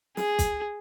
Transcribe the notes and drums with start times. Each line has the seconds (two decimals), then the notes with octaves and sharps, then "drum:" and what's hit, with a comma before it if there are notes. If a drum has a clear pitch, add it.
0.17 G#4, drum: snare
0.39 drum: kick, hi-hat